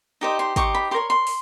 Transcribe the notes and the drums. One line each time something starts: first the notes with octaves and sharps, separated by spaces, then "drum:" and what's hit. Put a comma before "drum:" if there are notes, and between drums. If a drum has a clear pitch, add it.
D#4 G4 C5 D#5
C6
D#4 G4 C5 C#6, drum: kick, hi-hat
B5
G4 A#4 C#5 C6
C6
drum: open hi-hat